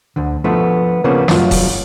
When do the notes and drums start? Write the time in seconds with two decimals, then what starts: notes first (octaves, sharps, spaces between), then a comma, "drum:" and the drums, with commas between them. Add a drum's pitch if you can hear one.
0.16 D2 D3
0.44 F3 A3 B3 D4
1.04 C#3 F3 A#3 B3 C#4 D4
1.28 C2 F#2 F#3 F4, drum: snare
1.51 drum: kick D#1, open hi-hat